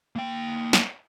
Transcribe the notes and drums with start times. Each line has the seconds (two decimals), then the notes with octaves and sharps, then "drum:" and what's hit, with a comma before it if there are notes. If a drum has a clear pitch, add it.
0.16 A#3 G5
0.73 drum: snare